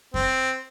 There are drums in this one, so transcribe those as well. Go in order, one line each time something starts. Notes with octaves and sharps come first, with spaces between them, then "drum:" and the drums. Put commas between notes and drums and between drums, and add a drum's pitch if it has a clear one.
C4, drum: kick F2